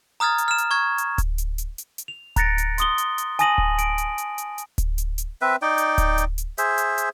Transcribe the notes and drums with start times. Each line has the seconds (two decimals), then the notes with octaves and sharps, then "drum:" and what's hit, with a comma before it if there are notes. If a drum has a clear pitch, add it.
0.20 A#5 D#6 F6 G#6 A6
0.38 drum: hi-hat
0.48 F6 E7
0.58 drum: hi-hat
0.71 C#6 F6 G#6
0.98 drum: hi-hat
1.18 drum: kick D1, hi-hat
1.38 drum: hi-hat
1.58 drum: hi-hat
1.78 drum: hi-hat
1.98 drum: hi-hat
2.08 F7
2.36 A#5 F#6 A6 A#6 C#7 D7, drum: kick D1, hi-hat
2.58 drum: hi-hat
2.78 C6 D#6 G7, drum: hi-hat
2.98 drum: hi-hat
3.18 drum: hi-hat
3.39 G#5 A5 D#6 A#6 D#7 F#7, drum: hi-hat
3.58 drum: kick D1
3.78 D7, drum: hi-hat
3.98 drum: hi-hat
4.18 drum: hi-hat
4.38 drum: hi-hat
4.58 drum: hi-hat
4.78 drum: kick D1, hi-hat
4.98 drum: hi-hat
5.18 drum: hi-hat
5.42 C4 B4 E5
5.62 D#4 D5 G5
5.78 drum: hi-hat
5.98 drum: kick D1, hi-hat
6.18 drum: hi-hat
6.38 drum: hi-hat
6.58 G#4 C5 E5, drum: hi-hat
6.78 drum: hi-hat
6.98 drum: hi-hat